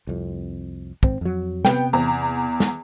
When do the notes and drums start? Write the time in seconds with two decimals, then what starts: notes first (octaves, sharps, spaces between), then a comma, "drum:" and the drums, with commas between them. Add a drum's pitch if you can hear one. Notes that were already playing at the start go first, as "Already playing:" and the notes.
0.07 C2 F2
1.03 G#1 C4, drum: kick
1.21 F2 F#3
1.65 C3 B3 G5, drum: snare
1.93 E2 A#5
2.60 drum: snare